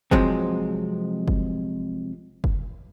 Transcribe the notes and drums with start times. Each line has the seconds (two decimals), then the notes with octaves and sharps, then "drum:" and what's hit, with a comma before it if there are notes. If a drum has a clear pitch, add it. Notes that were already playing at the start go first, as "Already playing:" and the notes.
0.11 C3 F3 F#3 G#3 C4, drum: kick F#1
1.28 drum: kick F#1
2.44 drum: kick F#1